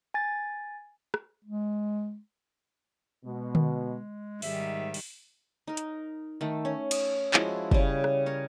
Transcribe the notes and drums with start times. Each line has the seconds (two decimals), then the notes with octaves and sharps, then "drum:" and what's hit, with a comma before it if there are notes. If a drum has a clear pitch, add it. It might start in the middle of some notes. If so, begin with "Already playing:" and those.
0.14 G#5 A6
1.14 drum: rim click
1.45 G#3
3.24 B2 G#3
3.55 drum: tom D3
4.42 G#2 D#3 G3 E5, drum: open hi-hat
4.94 drum: open hi-hat
5.67 D#4 A#4
5.77 drum: hi-hat
6.41 D#3 A3
6.65 C#4
6.91 drum: cymbal
7.34 F3 G#3 E4 F#4, drum: clap
7.71 C#3 G3, drum: kick
8.04 drum: rim click
8.26 A#4 C#5